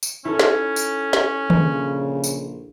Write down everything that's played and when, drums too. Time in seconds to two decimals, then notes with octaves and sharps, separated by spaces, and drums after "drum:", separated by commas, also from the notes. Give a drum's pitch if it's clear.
0.03 drum: tambourine
0.25 C#4 E4 A4
0.39 drum: snare
0.76 drum: tambourine
1.13 drum: snare
1.50 A#1 C#3, drum: tom D#3
2.24 drum: tambourine